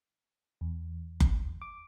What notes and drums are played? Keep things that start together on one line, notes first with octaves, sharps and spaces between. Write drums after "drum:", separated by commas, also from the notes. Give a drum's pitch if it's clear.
E2
drum: kick F#1
D6